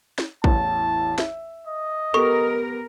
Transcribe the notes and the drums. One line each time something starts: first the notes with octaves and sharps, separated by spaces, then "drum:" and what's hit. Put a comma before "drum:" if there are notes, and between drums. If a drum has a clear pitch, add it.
drum: snare
A1 E2 A5, drum: kick
E5, drum: snare
D#5
B3 G4 A4 A#4 C#6